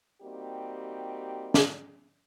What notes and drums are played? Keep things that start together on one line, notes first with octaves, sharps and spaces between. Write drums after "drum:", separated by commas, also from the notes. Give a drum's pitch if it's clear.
G3 A#3 C4 D#4 F#4 G4
drum: snare